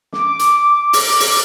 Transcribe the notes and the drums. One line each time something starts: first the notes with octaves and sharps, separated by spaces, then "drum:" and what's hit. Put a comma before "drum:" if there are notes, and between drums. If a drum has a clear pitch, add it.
D6, drum: snare
drum: hi-hat
drum: open hi-hat
drum: open hi-hat